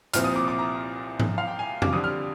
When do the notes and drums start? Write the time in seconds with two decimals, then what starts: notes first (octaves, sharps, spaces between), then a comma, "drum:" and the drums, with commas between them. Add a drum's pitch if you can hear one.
0.14 C2 A#2 F3 C4 F6, drum: hi-hat
0.24 D#6
0.36 D6
0.48 D6
0.59 A#5
1.20 drum: tom G#2
1.38 F5
1.48 G5
1.59 G#5
1.82 D6, drum: tom F2
1.93 F2 D3 G3 D#6
2.04 F6